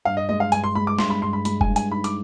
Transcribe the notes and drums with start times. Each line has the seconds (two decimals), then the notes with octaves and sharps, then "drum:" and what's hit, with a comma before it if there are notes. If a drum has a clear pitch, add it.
0.05 G2 F5
0.17 D#5
0.29 G#3 D#5
0.40 F5
0.52 G2 G#5, drum: hi-hat
0.64 C6
0.75 G#3 B5
0.87 D6
0.98 G2 C6, drum: snare
1.10 B5
1.22 G2 C6
1.33 B5
1.45 G#3 B5, drum: hi-hat
1.61 G#5, drum: kick F1
1.68 G2
1.76 G#5, drum: hi-hat
1.91 D#4 B5
2.04 D6, drum: hi-hat